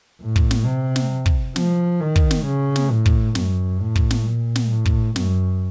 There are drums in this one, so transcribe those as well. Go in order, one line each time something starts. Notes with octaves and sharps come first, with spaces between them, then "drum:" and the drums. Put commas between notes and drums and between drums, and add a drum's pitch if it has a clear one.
A2
drum: kick
drum: snare
C3
drum: snare
drum: kick
F3, drum: snare
D#3
drum: kick
drum: snare
C#3
drum: snare
A2
drum: kick
F#2, drum: snare
A2
drum: kick
drum: snare
A#2
drum: snare
A2
drum: kick
F#2, drum: snare